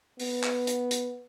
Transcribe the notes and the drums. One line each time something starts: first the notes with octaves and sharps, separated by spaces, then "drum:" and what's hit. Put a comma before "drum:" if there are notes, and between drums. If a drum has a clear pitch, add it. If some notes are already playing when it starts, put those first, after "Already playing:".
B3, drum: open hi-hat
drum: clap
drum: hi-hat
drum: hi-hat